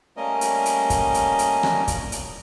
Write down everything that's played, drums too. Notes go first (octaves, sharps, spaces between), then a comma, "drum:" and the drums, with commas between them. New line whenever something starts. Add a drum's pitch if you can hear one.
G3 A3 A#3 C#4 A#4 D#5
drum: hi-hat
drum: hi-hat
drum: kick, hi-hat
drum: hi-hat
drum: hi-hat
drum: rim click
drum: kick, hi-hat
drum: hi-hat